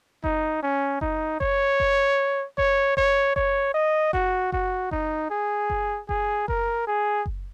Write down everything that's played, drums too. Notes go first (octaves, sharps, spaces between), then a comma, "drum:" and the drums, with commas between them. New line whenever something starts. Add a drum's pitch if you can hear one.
D#4, drum: kick F#1
C#4
D#4, drum: kick F#1
C#5, drum: kick F#1
drum: kick F#1
C#5, drum: kick F#1
C#5, drum: kick F#1
C#5, drum: kick F#1
D#5
F#4, drum: kick F#1
F#4, drum: kick F#1
D#4, drum: kick F#1
G#4
drum: kick F#1
G#4, drum: kick F#1
A#4, drum: kick F#1
G#4
drum: kick F#1